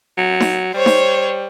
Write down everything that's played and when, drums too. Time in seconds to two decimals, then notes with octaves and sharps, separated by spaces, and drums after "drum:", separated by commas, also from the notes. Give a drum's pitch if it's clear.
0.18 F#3
0.40 drum: snare D#4
0.74 G3 C5 C#5
0.86 drum: snare D#4